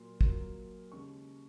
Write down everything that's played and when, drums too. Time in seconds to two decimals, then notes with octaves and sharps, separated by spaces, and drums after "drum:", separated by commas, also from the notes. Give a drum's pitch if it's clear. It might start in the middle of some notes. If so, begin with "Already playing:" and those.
Already playing: A#2 F#3 A#3 C6
0.21 A#2 F#3 A#3, drum: kick
0.91 D#2 C#3 G#3 C#6